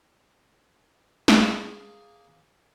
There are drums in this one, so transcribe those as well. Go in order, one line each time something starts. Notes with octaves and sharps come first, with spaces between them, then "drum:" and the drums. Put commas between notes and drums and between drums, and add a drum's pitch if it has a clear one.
A#3 G#4 F5 G#5, drum: snare